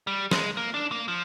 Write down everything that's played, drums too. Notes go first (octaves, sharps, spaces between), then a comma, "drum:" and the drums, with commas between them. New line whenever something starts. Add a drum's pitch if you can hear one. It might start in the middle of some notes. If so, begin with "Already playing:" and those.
G3
G#3, drum: snare
A#3
D4
A#3
F3